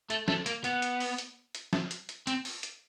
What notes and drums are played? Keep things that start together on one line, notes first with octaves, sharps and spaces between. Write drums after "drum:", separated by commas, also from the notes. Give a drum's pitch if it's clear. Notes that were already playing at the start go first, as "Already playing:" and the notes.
A3, drum: hi-hat
A3, drum: snare
A#3, drum: hi-hat
B3, drum: hi-hat
drum: hi-hat
drum: open hi-hat
drum: hi-hat
drum: hi-hat
drum: snare
drum: hi-hat
drum: hi-hat
C4, drum: hi-hat
drum: open hi-hat
drum: hi-hat